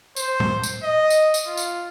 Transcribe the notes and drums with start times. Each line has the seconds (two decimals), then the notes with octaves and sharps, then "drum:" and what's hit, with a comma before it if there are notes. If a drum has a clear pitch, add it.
0.16 C5, drum: tambourine
0.40 drum: tom
0.63 drum: tambourine
0.83 D#5
1.10 drum: tambourine
1.34 drum: tambourine
1.46 F4
1.57 drum: tambourine